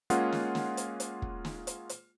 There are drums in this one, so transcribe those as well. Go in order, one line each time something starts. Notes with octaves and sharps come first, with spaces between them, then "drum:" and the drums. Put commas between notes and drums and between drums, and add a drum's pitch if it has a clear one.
G#3 A#3 C#4 F4 G#4 F#5, drum: hi-hat
drum: snare
drum: snare
drum: hi-hat
drum: hi-hat
drum: kick
drum: snare
drum: hi-hat
drum: hi-hat